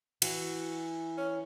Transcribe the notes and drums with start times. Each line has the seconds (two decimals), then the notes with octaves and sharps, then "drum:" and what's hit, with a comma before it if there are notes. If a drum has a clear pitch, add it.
0.22 E3 F#4, drum: cymbal
1.18 C#4